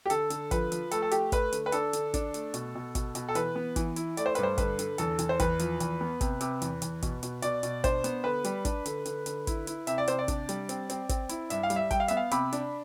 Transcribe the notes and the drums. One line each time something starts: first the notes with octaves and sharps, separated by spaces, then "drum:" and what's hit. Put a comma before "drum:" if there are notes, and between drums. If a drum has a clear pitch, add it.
G4
D3 A4, drum: hi-hat
D3, drum: hi-hat
F3 B4, drum: kick, hi-hat
F3, drum: hi-hat
A3 A4, drum: hi-hat
A4
A3 G4, drum: hi-hat
A3 B4, drum: kick, hi-hat
D3, drum: hi-hat
B4
D4 A4, drum: hi-hat
D3, drum: hi-hat
D4, drum: kick, hi-hat
A3, drum: hi-hat
B2, drum: hi-hat
B2
B2, drum: kick, hi-hat
B2, drum: hi-hat
A4
E3 B4, drum: hi-hat
B3
E3, drum: kick, hi-hat
E4, drum: hi-hat
A3 D5, drum: hi-hat
C5
G2 B4, drum: hi-hat
C5
D3 B4, drum: kick, hi-hat
D3, drum: hi-hat
E2 A4, drum: hi-hat
E2, drum: hi-hat
C5
E2 B4, drum: kick, hi-hat
F3, drum: hi-hat
E2, drum: hi-hat
B3
C3, drum: kick, hi-hat
C3, drum: hi-hat
E2, drum: hi-hat
E2, drum: hi-hat
B2, drum: kick, hi-hat
B2, drum: hi-hat
B2 D5, drum: hi-hat
B2, drum: hi-hat
D4 C5, drum: kick, hi-hat
B3, drum: hi-hat
D3 B4
G3, drum: hi-hat
D4, drum: kick, hi-hat
D3, drum: hi-hat
D3, drum: hi-hat
D3, drum: hi-hat
E4, drum: kick, hi-hat
E4, drum: hi-hat
C3 E5, drum: hi-hat
D5
C3 C5, drum: hi-hat
D5
D4, drum: kick, hi-hat
G3, drum: hi-hat
C4, drum: hi-hat
C4, drum: hi-hat
C4, drum: kick, hi-hat
E4, drum: hi-hat
G2 E5, drum: hi-hat
F5
G3, drum: hi-hat
E5
G3 G5, drum: kick, hi-hat
F5
B3 E5, drum: hi-hat
F5
C3 B5, drum: hi-hat
D4, drum: hi-hat